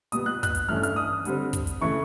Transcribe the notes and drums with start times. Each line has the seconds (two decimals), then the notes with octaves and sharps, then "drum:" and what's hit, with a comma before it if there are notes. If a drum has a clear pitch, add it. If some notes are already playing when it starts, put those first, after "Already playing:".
0.12 A#2 G3 B3 D#6, drum: hi-hat
0.26 F#6
0.43 F#6, drum: kick, hi-hat
0.55 drum: hi-hat
0.68 G2 E3 A3 C#4 F6
0.83 F6, drum: hi-hat
0.96 D#6
1.25 D3 G3 C4, drum: hi-hat
1.53 drum: kick, hi-hat
1.67 drum: hi-hat
1.81 C#3 E3 A3 C#6